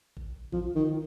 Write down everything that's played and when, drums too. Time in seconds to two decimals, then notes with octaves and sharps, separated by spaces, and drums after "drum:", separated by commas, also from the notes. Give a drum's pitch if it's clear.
0.17 drum: kick G#1
0.52 F3, drum: kick G#1
0.75 D#3